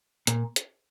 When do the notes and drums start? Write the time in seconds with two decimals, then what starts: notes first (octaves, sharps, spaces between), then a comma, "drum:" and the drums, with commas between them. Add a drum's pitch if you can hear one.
0.27 A#2, drum: hi-hat
0.56 drum: hi-hat